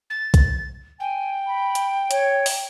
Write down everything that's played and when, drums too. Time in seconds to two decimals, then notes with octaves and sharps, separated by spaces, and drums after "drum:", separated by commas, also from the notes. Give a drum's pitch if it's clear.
0.10 A6
0.34 drum: kick B1, hi-hat
1.00 G5 G#5
1.47 B5
1.75 drum: hi-hat
2.11 C#5, drum: hi-hat
2.46 drum: open hi-hat